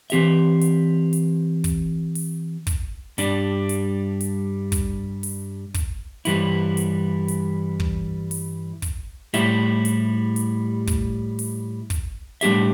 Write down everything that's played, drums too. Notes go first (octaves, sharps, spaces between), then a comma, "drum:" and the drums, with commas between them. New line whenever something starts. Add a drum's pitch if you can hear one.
E3 C4 G4 E5, drum: hi-hat
drum: hi-hat
drum: hi-hat
drum: kick, hi-hat
drum: open hi-hat
drum: kick, hi-hat
G2 G3 D4, drum: hi-hat
drum: hi-hat
drum: hi-hat
drum: kick, hi-hat
drum: open hi-hat
drum: kick, hi-hat
G2 E3 G3 E4, drum: hi-hat
drum: hi-hat
drum: hi-hat
drum: kick
drum: open hi-hat
drum: kick, hi-hat
A2 G3 E4 G4 E5, drum: hi-hat
drum: hi-hat
drum: hi-hat
drum: kick, hi-hat
drum: open hi-hat
drum: kick, hi-hat
A2 G3 D4 G4 E5, drum: hi-hat